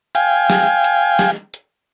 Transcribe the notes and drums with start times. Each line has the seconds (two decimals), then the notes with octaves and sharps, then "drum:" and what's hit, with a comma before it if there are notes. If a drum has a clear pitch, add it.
0.15 F5 G5 G#5, drum: hi-hat
0.50 drum: snare
0.84 drum: hi-hat
1.19 drum: snare
1.54 drum: hi-hat